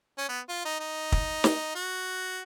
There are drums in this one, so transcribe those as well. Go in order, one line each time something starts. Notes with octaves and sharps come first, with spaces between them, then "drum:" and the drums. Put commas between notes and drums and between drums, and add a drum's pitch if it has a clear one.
C#4
B3
F4
D#4
D#4
drum: kick
drum: snare
F#4